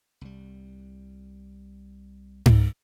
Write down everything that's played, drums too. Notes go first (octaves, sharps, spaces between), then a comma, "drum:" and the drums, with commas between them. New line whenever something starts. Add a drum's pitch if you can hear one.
C2 G3
drum: tom G#2